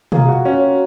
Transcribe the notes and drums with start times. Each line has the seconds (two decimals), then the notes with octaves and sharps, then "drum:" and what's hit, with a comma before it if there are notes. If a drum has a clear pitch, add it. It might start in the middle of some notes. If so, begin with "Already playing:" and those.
0.12 A#3 F4 G#4 A#4 F5, drum: tom B2
0.29 F#4
0.45 F#3 C4 C#4 F#4